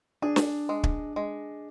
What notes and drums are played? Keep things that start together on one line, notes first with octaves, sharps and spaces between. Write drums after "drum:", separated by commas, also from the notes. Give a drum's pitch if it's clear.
D4 G#4
drum: snare
G#3
drum: kick
G#3